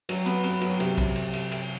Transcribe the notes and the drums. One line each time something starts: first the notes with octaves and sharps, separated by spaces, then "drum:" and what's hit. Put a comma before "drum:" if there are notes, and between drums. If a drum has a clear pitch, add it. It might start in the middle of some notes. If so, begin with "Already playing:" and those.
F#3, drum: cymbal
B3, drum: cymbal
B3, drum: cymbal
F#3, drum: cymbal
C3, drum: cymbal
drum: kick, cymbal
drum: cymbal
drum: cymbal
drum: cymbal